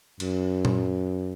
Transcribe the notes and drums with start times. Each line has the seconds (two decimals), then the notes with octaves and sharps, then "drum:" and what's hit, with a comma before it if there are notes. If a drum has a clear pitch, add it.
0.20 F#2, drum: cymbal
0.65 drum: tom A#2